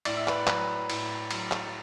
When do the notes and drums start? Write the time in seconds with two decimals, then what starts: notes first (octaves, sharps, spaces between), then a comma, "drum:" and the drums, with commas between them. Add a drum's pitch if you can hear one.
0.05 A2 D5, drum: cymbal
0.17 E5
0.28 B4 D5, drum: clap
0.47 F#3 B4, drum: clap
0.90 A2, drum: cymbal
1.31 F#3, drum: cymbal
1.52 drum: clap